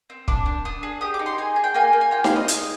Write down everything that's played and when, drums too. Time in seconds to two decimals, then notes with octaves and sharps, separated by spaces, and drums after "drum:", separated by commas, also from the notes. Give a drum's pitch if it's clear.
0.10 C4
0.28 D4 D6, drum: kick
0.46 D4
0.65 D4 D#6
0.83 G#4
1.01 G4 D#6
1.14 D6
1.19 D#4
1.26 C6
1.38 G#4 G#5
1.56 G#4
1.64 G5
1.74 A#3 G#5
1.93 A#3
2.01 G#5
2.11 F4 G5
2.24 F5, drum: snare D#4
2.30 F4
2.36 D#5
2.48 G#4, drum: hi-hat